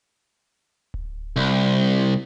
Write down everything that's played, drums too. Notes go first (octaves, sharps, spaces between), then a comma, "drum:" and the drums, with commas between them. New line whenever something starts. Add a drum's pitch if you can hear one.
drum: kick D1
C2